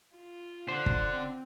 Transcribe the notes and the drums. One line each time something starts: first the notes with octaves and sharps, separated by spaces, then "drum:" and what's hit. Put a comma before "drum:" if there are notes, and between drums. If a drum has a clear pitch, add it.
F4
D3 D4 C5 F#5
drum: kick
C4